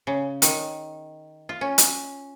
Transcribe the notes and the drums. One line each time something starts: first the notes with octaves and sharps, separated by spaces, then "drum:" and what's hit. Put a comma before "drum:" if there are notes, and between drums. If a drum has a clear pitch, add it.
C#3
D#3, drum: hi-hat
F4
C#4
drum: hi-hat